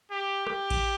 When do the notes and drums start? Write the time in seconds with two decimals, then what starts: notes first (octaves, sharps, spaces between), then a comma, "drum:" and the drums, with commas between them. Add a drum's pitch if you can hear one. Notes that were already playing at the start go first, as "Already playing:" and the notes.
0.11 G4
0.47 G4, drum: rim click
0.70 drum: kick A1, cymbal